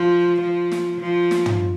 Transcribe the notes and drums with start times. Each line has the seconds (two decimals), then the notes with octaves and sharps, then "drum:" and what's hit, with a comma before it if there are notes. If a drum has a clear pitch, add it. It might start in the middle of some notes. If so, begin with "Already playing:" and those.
Already playing: F3
0.41 F3
0.71 drum: snare
1.01 F3
1.31 drum: snare
1.46 drum: tom